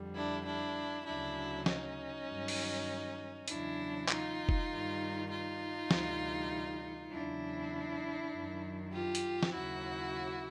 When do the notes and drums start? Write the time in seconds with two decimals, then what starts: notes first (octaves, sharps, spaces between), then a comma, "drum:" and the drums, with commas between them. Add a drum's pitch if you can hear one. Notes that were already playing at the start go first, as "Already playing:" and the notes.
Already playing: F2 D3 G3
0.16 D4 E4
0.45 D4 E4
1.06 D2 C#3 F#3 D4 E4
1.66 C#4 D#4, drum: snare
2.27 G2 D#3 F#3
2.48 drum: open hi-hat
3.48 E2 C#3 F#3 D4 E4, drum: hi-hat
4.08 D#4 F4, drum: clap
4.49 drum: kick
4.69 G2 D#3 G3
5.30 D#4 F4
5.91 D2 C3 E3 G3, drum: snare
7.11 E2 C#3 F#3 D4 E4
8.33 F#2 D#3 F#3
8.92 F4 G4
9.15 drum: hi-hat
9.43 drum: snare
9.53 D#2 C#3 F#3 E4 F#4